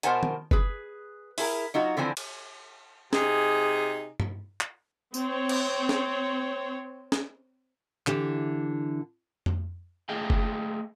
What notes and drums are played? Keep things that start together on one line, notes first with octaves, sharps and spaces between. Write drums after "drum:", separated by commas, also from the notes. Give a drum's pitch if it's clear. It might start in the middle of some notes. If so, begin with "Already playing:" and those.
B2 A#4 C5 F#5 G#5 A5, drum: hi-hat
drum: tom
G#4 B4, drum: kick F#1
E4 G#4 A#4, drum: open hi-hat
F#3 D#4 F4 F#4
D3 E3 F3 C4 G#5
drum: cymbal
C3 D#4 G#4, drum: snare
drum: tom G2
drum: clap
C4 C#5, drum: tambourine
drum: cymbal
drum: snare
drum: snare
D3 E3 G4, drum: clap
drum: tom F2
A3 G#4 D#5 F5 G5
drum: kick F#1